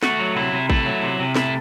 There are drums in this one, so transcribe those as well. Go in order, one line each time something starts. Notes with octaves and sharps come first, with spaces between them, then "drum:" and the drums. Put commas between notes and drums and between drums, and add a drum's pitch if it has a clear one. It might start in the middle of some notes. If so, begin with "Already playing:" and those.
A3 F#4, drum: snare
F#3
C3 E4
C3
A3 E4, drum: kick
F#3
C3
C3
A3 E4, drum: snare